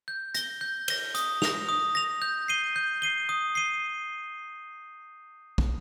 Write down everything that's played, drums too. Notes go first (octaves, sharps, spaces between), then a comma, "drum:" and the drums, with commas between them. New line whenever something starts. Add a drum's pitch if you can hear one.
G6
A#6 G7, drum: hi-hat
G6
A#6 G7, drum: cymbal
D#6, drum: hi-hat
A#6 F7, drum: snare
D#6
A#6 F7
G6
C7 D#7 G7
G6
C7 D#7 G7
D#6
C7 D#7 G7
drum: kick